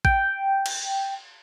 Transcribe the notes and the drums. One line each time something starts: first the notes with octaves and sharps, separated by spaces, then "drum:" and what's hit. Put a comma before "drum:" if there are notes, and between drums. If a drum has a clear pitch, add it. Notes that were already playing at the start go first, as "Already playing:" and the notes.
G5, drum: kick A1
drum: cymbal